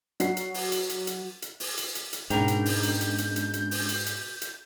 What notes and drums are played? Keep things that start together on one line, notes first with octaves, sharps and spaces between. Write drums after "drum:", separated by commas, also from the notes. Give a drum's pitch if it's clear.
F#3 F#4 C7, drum: hi-hat
drum: hi-hat
drum: open hi-hat
drum: hi-hat
drum: hi-hat
drum: hi-hat
drum: hi-hat
drum: open hi-hat
drum: hi-hat
drum: hi-hat
drum: hi-hat
G#2 B2 G#3 C#4 D4 A#4 G5 G6, drum: hi-hat
drum: hi-hat
drum: open hi-hat
drum: hi-hat
drum: hi-hat
drum: hi-hat
drum: hi-hat
drum: hi-hat
drum: open hi-hat
drum: hi-hat
drum: hi-hat
drum: hi-hat